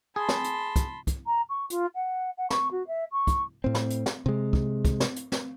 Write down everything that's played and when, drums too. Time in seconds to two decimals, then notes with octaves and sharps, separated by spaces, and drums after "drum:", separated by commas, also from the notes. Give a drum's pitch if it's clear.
0.16 G#4 A5 B5 C6
0.28 drum: snare
0.44 drum: hi-hat
0.76 drum: kick, hi-hat
1.07 drum: kick, hi-hat
1.26 A#5
1.49 C#6
1.70 F4, drum: hi-hat
1.95 F#5
2.37 F#5
2.50 C#6, drum: snare
2.71 F#4
2.87 E5
3.12 C#6
3.27 drum: kick, hi-hat
3.64 A2 C4
3.75 drum: snare
3.90 drum: hi-hat
4.06 drum: snare
4.26 C3 G#3
4.53 drum: kick
4.85 drum: kick, hi-hat
5.00 drum: snare
5.16 drum: hi-hat
5.32 drum: snare